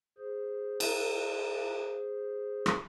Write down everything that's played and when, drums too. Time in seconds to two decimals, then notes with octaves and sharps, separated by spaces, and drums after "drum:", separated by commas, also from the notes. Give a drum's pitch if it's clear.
0.18 G#4 C5
0.80 drum: cymbal
2.66 drum: rim click